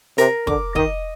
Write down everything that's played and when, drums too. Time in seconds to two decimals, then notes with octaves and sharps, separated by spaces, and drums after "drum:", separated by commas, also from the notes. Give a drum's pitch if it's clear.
0.18 C3 A#4, drum: hi-hat
0.47 D3 D6, drum: kick
0.75 D#3 D#5, drum: kick